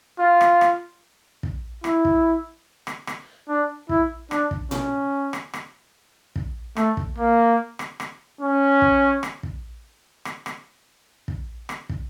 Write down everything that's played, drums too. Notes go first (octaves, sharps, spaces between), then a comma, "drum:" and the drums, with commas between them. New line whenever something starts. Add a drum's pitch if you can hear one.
F4
drum: rim click
drum: rim click
drum: kick
E4, drum: rim click
drum: kick
drum: rim click
drum: rim click
D4
E4, drum: kick
D4, drum: rim click
drum: kick
C#4, drum: tom A#2
drum: rim click
drum: rim click
drum: kick
A3, drum: rim click
drum: kick
A#3
drum: rim click
drum: rim click
C#4
drum: kick
drum: rim click
drum: kick
drum: rim click
drum: rim click
drum: kick
drum: rim click
drum: kick